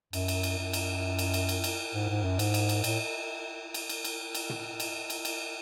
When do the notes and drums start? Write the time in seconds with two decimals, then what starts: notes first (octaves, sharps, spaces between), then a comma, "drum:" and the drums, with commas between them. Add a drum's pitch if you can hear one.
0.13 F#2, drum: cymbal
0.28 drum: cymbal
0.43 drum: cymbal
0.58 F#2
0.73 drum: cymbal
1.19 drum: cymbal
1.34 drum: cymbal
1.49 drum: cymbal
1.64 drum: cymbal
1.94 G#2
2.09 G#2
2.24 F#2
2.39 G#2, drum: cymbal
2.54 drum: cymbal
2.69 drum: cymbal
2.84 A2, drum: cymbal
3.74 drum: cymbal
3.89 drum: cymbal
4.04 drum: cymbal
4.35 drum: cymbal
4.50 drum: tom
4.80 drum: cymbal
5.10 drum: cymbal
5.25 drum: cymbal